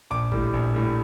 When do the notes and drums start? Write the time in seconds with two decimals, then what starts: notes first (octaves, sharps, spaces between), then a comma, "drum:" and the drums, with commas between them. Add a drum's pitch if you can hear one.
0.10 A#1 D6
0.32 A2 G3, drum: kick G1
0.53 A#1
0.74 A2 G3